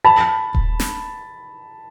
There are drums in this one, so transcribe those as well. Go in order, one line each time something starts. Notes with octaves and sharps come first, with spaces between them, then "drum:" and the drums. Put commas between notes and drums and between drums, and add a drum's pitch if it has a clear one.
A5 B5
drum: kick D#1
drum: snare